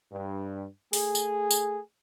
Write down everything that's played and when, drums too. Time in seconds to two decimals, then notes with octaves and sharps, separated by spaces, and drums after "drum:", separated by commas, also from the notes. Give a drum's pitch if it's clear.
0.12 G2
0.93 A3 G#4, drum: open hi-hat
1.15 drum: tambourine
1.51 drum: tambourine